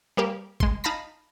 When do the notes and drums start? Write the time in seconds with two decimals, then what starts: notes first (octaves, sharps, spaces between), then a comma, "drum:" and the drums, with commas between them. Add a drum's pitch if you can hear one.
0.17 G3 A#3 G4
0.60 G#3 C6, drum: kick
0.84 D#4 F5 A5 B5 A#6